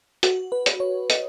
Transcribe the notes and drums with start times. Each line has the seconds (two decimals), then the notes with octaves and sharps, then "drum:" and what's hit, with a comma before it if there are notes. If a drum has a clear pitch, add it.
0.23 F#4, drum: hi-hat
0.52 B4
0.66 drum: hi-hat
0.80 C#5
1.10 D#5, drum: hi-hat